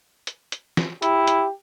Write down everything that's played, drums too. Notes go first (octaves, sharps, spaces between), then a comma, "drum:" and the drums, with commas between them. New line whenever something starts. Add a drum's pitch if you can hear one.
drum: hi-hat
drum: hi-hat
drum: snare
E4 G4, drum: hi-hat
drum: hi-hat